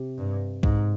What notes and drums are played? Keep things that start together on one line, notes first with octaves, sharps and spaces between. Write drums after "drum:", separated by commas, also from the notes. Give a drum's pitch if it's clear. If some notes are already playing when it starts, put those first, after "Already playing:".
Already playing: C3
G2
G#2, drum: kick